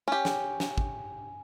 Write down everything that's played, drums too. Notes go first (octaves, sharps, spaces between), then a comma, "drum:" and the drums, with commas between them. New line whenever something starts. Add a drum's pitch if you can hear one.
C#4 G4 G#5
drum: snare
drum: snare
drum: kick